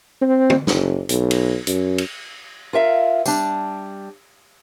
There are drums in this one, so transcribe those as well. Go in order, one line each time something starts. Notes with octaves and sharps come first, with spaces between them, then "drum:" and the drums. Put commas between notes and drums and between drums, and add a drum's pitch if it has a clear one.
C4
drum: tom
F#1, drum: snare
B1, drum: hi-hat
drum: cymbal
F#2, drum: hi-hat
drum: cymbal
F4 A#4 E5 F5
G3 D4, drum: tambourine